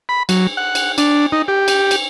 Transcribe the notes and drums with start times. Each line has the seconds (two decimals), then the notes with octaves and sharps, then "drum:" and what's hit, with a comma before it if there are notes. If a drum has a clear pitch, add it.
0.09 B5
0.29 F#3, drum: cymbal
0.57 F#5
0.75 drum: cymbal
0.98 D4, drum: cymbal
1.32 D#4
1.48 G4
1.68 drum: cymbal
1.91 drum: cymbal